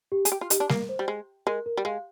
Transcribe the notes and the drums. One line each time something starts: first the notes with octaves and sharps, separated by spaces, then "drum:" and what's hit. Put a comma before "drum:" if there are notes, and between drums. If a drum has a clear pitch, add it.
G4
G#4, drum: hi-hat
G4
F4
D#4 G4, drum: hi-hat
D4
A#3 A#4, drum: snare G3
C5
G3
G#3
G#3 A#4
A#4
G3
G#3 F5